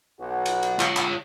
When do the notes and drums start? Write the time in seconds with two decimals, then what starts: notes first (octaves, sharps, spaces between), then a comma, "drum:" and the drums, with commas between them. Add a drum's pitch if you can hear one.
0.20 B1 F#4
0.46 drum: cymbal
0.63 drum: cymbal
0.80 F4 C#5, drum: clap
0.97 drum: clap